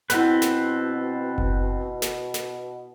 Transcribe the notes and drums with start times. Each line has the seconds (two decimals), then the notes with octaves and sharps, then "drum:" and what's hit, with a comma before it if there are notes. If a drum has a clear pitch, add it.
0.10 B2 C4 E4 A4 B4 F#5 F#6, drum: snare
0.42 drum: snare
1.38 drum: kick F#1
2.02 drum: snare
2.34 drum: snare